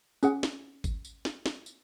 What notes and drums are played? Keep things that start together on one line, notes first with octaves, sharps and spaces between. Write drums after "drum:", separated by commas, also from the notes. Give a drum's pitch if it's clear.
C#4 G#4 F#5, drum: tambourine
drum: snare
drum: kick G#1, tambourine
drum: tambourine
drum: snare
drum: snare
drum: tambourine